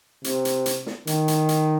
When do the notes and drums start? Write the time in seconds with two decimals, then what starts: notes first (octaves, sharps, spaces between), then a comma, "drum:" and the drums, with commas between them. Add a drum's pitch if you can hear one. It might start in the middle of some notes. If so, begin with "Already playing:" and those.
0.24 C3, drum: hi-hat
0.45 drum: hi-hat
0.66 drum: hi-hat
0.86 drum: snare
1.07 D#3, drum: hi-hat
1.28 drum: hi-hat
1.49 drum: hi-hat